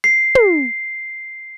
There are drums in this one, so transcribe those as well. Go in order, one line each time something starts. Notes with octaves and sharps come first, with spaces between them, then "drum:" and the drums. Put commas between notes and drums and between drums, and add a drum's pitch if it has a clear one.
C7
drum: tom